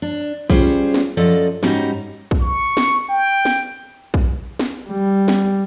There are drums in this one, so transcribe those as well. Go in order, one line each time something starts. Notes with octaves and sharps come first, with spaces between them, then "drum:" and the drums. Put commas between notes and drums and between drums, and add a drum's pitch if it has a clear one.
D4
G3 C#4 F4 G#4 C5, drum: kick
drum: snare
F#2 F3 A4 D5 D#5
G#2 G3 C#4 D#4 F#4, drum: snare
drum: kick
C#6
drum: snare
G5
drum: snare
drum: kick
drum: snare
G3
drum: snare